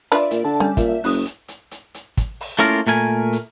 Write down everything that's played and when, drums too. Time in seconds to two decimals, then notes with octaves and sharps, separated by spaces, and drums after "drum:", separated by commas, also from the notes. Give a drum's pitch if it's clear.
0.12 D4 F4 B4 D5 E5, drum: hi-hat
0.31 A#2, drum: hi-hat
0.45 D3 A5
0.60 G3 C#4
0.77 A#2 E5, drum: kick, hi-hat
1.04 F#1 D#6 F#6, drum: open hi-hat
1.25 drum: hi-hat
1.48 drum: hi-hat
1.71 drum: hi-hat
1.94 drum: hi-hat
2.17 drum: kick, hi-hat
2.41 drum: open hi-hat
2.59 A3 A#3 C#4 E4 F4 A#4
2.87 A#2 A3 A#4 G#5, drum: hi-hat
3.33 drum: hi-hat